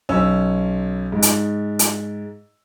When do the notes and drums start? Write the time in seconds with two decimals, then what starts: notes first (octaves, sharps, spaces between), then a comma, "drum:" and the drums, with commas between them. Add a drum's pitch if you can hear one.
0.09 B1 C#4 E6
1.12 G#2
1.22 drum: hi-hat
1.79 drum: hi-hat